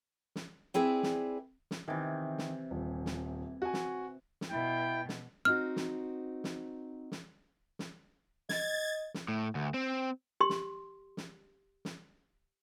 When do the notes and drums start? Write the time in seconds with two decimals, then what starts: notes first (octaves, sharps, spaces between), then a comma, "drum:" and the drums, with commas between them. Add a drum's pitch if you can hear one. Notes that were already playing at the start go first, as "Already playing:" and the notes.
0.36 drum: snare
0.74 C4 E4 G#4 B4 D5
1.03 drum: snare
1.71 drum: snare
1.88 C3 D#3 E3
2.38 drum: snare
2.71 D#1
3.06 drum: snare
3.62 F#4 G#5
3.74 drum: snare
4.41 drum: snare
4.51 B2 E4 G5
5.09 drum: snare
5.45 C4 D#4 F#4 F6
5.76 drum: snare
6.44 drum: snare
7.12 drum: snare
7.79 drum: snare
8.49 D#5 G#6 A6, drum: snare
9.14 drum: snare
9.28 A2
9.55 D2
9.74 C4
10.40 G4 C6
10.50 drum: snare
11.17 drum: snare
11.85 drum: snare